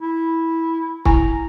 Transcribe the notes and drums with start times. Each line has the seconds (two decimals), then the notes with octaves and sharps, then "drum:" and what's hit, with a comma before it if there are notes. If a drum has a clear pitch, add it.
0.01 E4
1.05 E4 G#5 A#5, drum: kick